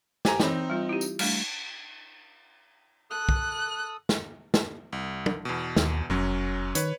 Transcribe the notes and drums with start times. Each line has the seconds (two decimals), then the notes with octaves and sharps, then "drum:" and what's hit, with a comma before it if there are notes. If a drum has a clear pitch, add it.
0.25 G4 C5 G#5 A#5, drum: snare
0.40 E3 C4 D#4 B5, drum: snare
0.70 G3 F4
0.89 E4 G4
1.01 drum: tambourine
1.19 G3 A3 D4, drum: cymbal
3.10 A4 D#6 F#6
3.29 drum: kick
4.09 drum: snare
4.54 drum: snare
4.92 C2
5.26 drum: tom
5.45 E2 B2
5.76 D#2, drum: snare
6.10 F1 F#2 F#3 C#4
6.75 D#3 B4 C#5, drum: hi-hat